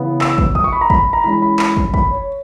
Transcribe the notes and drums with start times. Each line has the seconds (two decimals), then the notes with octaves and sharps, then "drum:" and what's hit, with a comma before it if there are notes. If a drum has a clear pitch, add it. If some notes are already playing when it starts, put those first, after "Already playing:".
Already playing: C#3 E3 B3
0.21 E6, drum: clap
0.38 drum: kick
0.55 D#6, drum: kick
0.64 C#6
0.72 B5
0.81 A#5
0.90 B5, drum: kick
1.13 A#5
1.24 E3 G#3 C#4 B5
1.42 B5
1.59 B5, drum: clap
1.77 drum: kick
1.94 B5, drum: kick
2.11 C#5